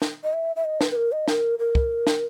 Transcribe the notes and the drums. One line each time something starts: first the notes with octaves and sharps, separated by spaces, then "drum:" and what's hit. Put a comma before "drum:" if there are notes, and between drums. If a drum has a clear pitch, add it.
drum: snare
D#5
E5
E5
D#5
B4, drum: snare
B4
A#4
D#5
A#4, drum: snare
A#4
drum: kick
drum: snare